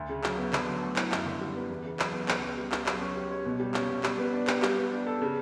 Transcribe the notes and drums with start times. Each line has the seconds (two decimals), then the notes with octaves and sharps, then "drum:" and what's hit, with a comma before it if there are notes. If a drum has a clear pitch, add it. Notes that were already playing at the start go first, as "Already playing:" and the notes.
Already playing: D2
0.09 C#3
0.24 F#3, drum: clap
0.38 B3
0.53 D3, drum: clap
0.67 F#3
0.82 A3
0.96 E4, drum: clap
1.12 F#2, drum: clap
1.26 D3
1.41 G3
1.55 B3
1.70 E2
1.85 C#3
1.99 F#3, drum: clap
2.13 B3
2.28 C#2, drum: clap
2.43 C#3
2.58 G3
2.72 C#2, drum: clap
2.86 F#3, drum: clap
3.01 C#4
3.16 G4
3.31 C#5
3.46 B2
3.60 G3
3.74 C#4, drum: clap
3.89 B2
4.03 G3, drum: clap
4.18 B3
4.33 D4
4.47 G4, drum: clap
4.62 G3, drum: clap
4.78 B3
4.92 D4
5.07 A4
5.21 C#3